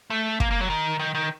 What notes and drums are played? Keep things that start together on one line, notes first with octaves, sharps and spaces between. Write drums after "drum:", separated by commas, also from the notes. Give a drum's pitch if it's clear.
A3
A#3, drum: kick
A#3
F#3
D#3
D#3
D#3